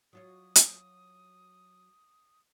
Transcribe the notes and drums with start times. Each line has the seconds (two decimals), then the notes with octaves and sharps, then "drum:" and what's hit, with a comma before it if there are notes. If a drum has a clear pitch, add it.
0.13 F#3 F4 C#5 D#6
0.56 drum: hi-hat